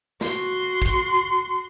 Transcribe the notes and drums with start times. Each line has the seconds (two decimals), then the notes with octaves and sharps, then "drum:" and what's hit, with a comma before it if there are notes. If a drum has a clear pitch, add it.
0.21 F#4 C6, drum: snare
0.82 drum: kick